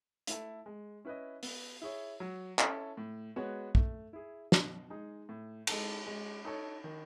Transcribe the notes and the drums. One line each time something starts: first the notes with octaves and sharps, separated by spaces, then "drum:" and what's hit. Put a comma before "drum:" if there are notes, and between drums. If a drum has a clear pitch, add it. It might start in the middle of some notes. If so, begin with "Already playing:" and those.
A3 E4 A4, drum: hi-hat
G#3
C#4 E4 B4 D#5
B3, drum: open hi-hat
E4 G#4 C#5
F#3
C#4 E4 A4, drum: clap
A2
G#3 B3 F#4 C#5
A3, drum: kick
E4 G#4
B2, drum: snare
G#3 D#4 G#4
A2
G#3 D#4 A4, drum: cymbal
G#3
D#4 A4 C#5
D#3